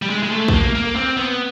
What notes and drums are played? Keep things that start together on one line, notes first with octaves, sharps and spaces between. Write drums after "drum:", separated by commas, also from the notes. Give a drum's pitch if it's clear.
G3
G#3
G#3
A3
B3, drum: kick
A#3
A#3
C4
B3